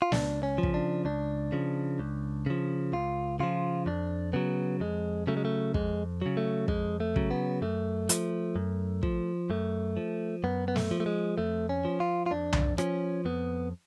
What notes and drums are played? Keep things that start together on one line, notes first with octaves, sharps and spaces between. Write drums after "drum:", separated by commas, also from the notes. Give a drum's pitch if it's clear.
F4
C#2 D4, drum: snare
C#4
F3
C#3, drum: kick
D4
C#2 D4
C#3 F3
C#2
C#3 F3
C#2 F4
C#3 F3 F4
F2 D4
C#3 F#3 B3
F2 G#3
C#3 F#3 A3
G#3
A3
F2 G#3, drum: kick
C#3 F#3
A3
F2 G#3, drum: kick
A3
C#3 F#3, drum: kick
B3
F#2 A3
F3, drum: hi-hat
F#2
F3, drum: kick
F#2 A3
F3
F#2 B3
B3
A3, drum: snare
F3
A3
G#3
F2 A3
C#4
F3
F4
F4
F2 D4
drum: tom C2
F3 C#4, drum: rim click
F2 B3